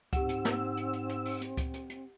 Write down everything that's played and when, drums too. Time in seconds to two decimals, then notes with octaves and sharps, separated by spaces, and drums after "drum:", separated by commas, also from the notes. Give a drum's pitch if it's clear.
0.13 G#2 C4 G4 F#5 E6, drum: kick C#2, hi-hat
0.29 drum: hi-hat
0.45 drum: snare
0.77 drum: hi-hat
0.93 drum: hi-hat
1.09 drum: hi-hat
1.25 drum: open hi-hat
1.41 drum: hi-hat
1.57 drum: kick C#2, hi-hat
1.74 drum: hi-hat
1.90 drum: hi-hat